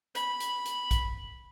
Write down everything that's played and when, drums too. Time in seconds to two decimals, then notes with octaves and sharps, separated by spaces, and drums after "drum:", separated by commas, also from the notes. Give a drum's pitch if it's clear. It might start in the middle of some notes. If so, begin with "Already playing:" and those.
0.15 B5, drum: hi-hat
0.40 drum: hi-hat
0.66 drum: hi-hat
0.91 drum: kick A#1, hi-hat